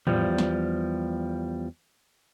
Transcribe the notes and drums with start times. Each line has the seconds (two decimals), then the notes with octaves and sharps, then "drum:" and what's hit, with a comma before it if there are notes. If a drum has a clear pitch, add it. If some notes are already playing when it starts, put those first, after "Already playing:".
0.07 E2 F3 G3, drum: tom G#2
0.38 drum: snare